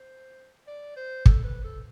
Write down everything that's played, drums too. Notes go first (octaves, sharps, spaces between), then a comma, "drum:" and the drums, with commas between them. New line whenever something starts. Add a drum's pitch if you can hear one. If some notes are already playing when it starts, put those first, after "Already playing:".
Already playing: C5
D5
C5
A4, drum: kick
B4
A4